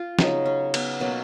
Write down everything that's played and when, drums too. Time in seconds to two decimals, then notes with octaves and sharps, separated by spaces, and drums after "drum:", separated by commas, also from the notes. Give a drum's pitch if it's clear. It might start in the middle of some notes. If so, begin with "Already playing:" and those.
Already playing: F4
0.19 C#3 F#3 B3 D#4, drum: snare
0.46 C#4
0.74 B3, drum: cymbal
1.00 B2 F#3 A#3 C#4